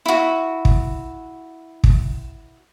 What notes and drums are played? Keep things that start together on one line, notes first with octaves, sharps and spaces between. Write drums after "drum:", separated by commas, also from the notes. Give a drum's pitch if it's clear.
E4 F#4
drum: kick
drum: kick